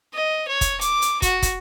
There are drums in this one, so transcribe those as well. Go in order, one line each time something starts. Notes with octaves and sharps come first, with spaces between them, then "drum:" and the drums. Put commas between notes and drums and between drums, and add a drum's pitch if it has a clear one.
D#5
C#5
drum: kick, hi-hat
D6, drum: hi-hat
drum: hi-hat
F#4, drum: kick, hi-hat
drum: kick, hi-hat